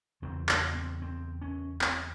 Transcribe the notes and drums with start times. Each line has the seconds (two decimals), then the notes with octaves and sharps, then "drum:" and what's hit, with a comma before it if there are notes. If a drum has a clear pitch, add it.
0.22 E2 C#3 C4
0.49 drum: clap
0.75 C4
1.02 C4
1.42 C#4
1.81 C4, drum: clap